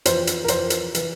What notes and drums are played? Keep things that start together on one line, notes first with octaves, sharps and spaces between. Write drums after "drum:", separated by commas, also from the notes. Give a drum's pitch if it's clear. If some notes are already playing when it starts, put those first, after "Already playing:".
F2 E3 C5, drum: hi-hat
drum: hi-hat
A#4
F2 E3 C5, drum: hi-hat
drum: hi-hat
E3, drum: hi-hat